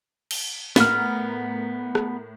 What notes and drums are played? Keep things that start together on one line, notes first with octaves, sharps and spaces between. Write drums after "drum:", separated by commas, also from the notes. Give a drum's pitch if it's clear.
drum: cymbal
A2 B3 A#4 F#5 A#5 F6, drum: snare
drum: rim click